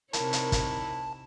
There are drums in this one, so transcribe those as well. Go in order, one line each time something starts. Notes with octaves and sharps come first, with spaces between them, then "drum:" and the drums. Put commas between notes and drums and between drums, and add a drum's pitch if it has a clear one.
C3 D#4 E4 A#4 C#5 A5, drum: hi-hat
drum: hi-hat
drum: kick, hi-hat